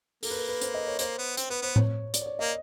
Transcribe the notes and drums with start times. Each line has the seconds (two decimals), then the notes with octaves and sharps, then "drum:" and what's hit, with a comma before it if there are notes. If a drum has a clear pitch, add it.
0.23 A#3 A4, drum: open hi-hat
0.31 B4
0.36 A#4
0.48 B4
0.61 C5, drum: hi-hat
0.74 D#5
0.87 C#5
0.99 A#3 C5, drum: hi-hat
1.19 B3
1.37 C4, drum: hi-hat
1.50 B3 B4
1.62 B3 C5
1.76 C#5, drum: tom A2
2.14 D5, drum: hi-hat
2.22 C#5
2.26 D5
2.39 A#3 D#5